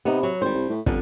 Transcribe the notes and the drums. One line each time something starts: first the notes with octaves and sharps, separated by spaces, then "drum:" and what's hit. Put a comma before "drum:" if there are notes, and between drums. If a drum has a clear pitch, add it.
C3 B3 D#4
F#3
G#1 G3 C5
C2
A2
G1 F2 D3, drum: kick